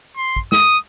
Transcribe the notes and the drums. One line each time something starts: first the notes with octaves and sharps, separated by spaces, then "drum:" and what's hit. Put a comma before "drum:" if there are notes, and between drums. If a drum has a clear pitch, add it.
C6
drum: kick
D#6, drum: snare